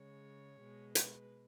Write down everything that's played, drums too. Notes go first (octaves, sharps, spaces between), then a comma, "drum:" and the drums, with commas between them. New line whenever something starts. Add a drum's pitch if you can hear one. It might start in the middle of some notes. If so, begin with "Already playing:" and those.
Already playing: C#3 G#3 C#5
B2 G#3
B4, drum: hi-hat